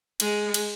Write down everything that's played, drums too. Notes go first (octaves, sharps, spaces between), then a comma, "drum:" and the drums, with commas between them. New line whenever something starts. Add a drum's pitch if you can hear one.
G#3, drum: cymbal
drum: cymbal